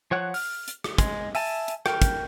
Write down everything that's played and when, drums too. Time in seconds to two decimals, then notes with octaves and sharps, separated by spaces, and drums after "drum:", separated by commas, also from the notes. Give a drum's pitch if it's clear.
0.11 F3 C#5 F#5 F#6
0.34 F6, drum: open hi-hat
0.68 drum: hi-hat
0.84 drum: rim click
0.98 G#3, drum: kick, hi-hat
1.35 E5 G#5 A5, drum: open hi-hat
1.68 drum: hi-hat
1.86 A#4 G5, drum: rim click
2.02 drum: kick, hi-hat